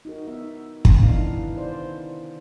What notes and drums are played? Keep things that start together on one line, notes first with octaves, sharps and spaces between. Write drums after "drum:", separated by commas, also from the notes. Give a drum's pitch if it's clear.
D#4 F#4 A#4
B3 D#4 E5
D3 D#3 C#4, drum: kick
C3 E3 B3 D4 D#4 F5
E3 E4
C5 D5